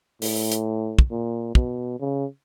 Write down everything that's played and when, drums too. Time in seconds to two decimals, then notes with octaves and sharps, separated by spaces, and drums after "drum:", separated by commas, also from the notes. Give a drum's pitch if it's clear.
0.22 A2, drum: open hi-hat
0.52 drum: hi-hat
0.99 drum: kick
1.11 A#2
1.55 B2, drum: kick
2.00 C#3